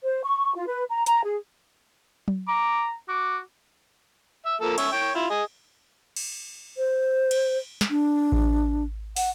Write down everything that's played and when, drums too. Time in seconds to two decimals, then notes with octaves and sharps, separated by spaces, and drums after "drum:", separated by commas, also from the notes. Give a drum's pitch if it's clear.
0.02 C5
0.23 C#6
0.55 F4
0.68 B4
0.90 A#5
1.06 A#5, drum: hi-hat
1.25 G#4
2.28 drum: tom F#3
2.48 A#5 D6
3.09 F#4 D6
4.46 E5
4.61 F3 A#3 A4
4.78 C#4 C#5 E5, drum: cymbal
4.92 C#5 G5
5.15 E4 F4
5.30 G#4 D#5
6.16 drum: cymbal
6.77 C5
7.31 drum: cymbal
7.81 drum: snare
7.90 D4
8.32 drum: kick A1
9.16 F#5, drum: open hi-hat